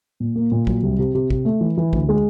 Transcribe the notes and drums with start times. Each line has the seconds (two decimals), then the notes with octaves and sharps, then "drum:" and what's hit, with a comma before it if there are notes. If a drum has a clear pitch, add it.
0.20 A#2
0.36 A#3
0.52 A#2
0.67 F#3, drum: kick
0.83 C2
0.99 C3
1.14 C3
1.30 C3, drum: kick
1.45 A3
1.61 E3
1.77 E3
1.93 D2, drum: kick
2.09 G#3